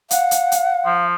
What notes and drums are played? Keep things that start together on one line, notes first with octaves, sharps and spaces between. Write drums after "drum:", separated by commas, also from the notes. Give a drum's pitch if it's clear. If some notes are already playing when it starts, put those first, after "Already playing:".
F5 F#5, drum: hi-hat
drum: hi-hat
drum: hi-hat
F3